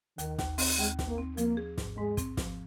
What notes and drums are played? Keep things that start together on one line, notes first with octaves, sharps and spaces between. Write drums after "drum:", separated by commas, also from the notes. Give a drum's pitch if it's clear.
D#2 D#3, drum: hi-hat
D#2, drum: snare
C4, drum: open hi-hat
D#2 G#3
D#2, drum: snare
A#3
C4
F3 A#3, drum: hi-hat
G#4
G#2, drum: snare
G#2 G#3
C4, drum: kick, hi-hat
F3, drum: snare